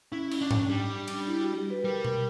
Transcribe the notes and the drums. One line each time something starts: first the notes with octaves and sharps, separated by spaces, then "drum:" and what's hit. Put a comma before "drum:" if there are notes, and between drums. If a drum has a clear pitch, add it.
C#4 E4
C#4, drum: cymbal
D4
C#4, drum: tom G#2
G3 D4
D4
D4, drum: cymbal
E4
F#4
G4
B4
G3 A#4
A#4, drum: tom B2